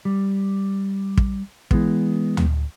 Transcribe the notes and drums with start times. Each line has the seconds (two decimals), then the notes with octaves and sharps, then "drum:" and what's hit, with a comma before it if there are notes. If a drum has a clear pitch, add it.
0.05 G3
1.17 drum: kick
1.71 E3 G#3 B3, drum: kick
2.37 drum: tom D2